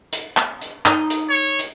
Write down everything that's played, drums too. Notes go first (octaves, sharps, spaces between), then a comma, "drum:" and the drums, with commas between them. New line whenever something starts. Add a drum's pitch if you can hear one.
drum: hi-hat
drum: clap
drum: hi-hat
D#4, drum: clap
drum: hi-hat
C#5
drum: hi-hat